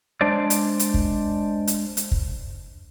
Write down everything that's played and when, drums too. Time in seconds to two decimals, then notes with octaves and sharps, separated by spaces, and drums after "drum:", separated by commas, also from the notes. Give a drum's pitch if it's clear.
0.21 G#3 D4 C5 D5
0.50 drum: hi-hat
0.79 drum: hi-hat
0.94 drum: kick
1.67 drum: hi-hat
1.97 drum: hi-hat
2.12 drum: kick